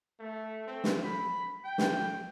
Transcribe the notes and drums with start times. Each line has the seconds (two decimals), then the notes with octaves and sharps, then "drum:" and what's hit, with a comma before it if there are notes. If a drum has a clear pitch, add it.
0.20 A3
0.67 C4
0.84 drum: snare
1.04 B5
1.65 G5
1.78 drum: snare